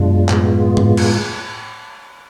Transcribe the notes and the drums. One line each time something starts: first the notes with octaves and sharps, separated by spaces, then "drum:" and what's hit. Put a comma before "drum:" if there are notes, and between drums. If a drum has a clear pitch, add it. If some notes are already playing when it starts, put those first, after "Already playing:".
Already playing: F#2 B2 G#3 D4 F4
A2 G#3 B3 F4, drum: clap
drum: tom G#2
drum: cymbal